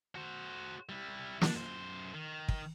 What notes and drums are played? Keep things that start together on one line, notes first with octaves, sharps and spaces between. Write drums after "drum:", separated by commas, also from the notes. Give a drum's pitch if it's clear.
F#4 C5
G3 E4
D4, drum: snare
F#2 C5
D#3
drum: kick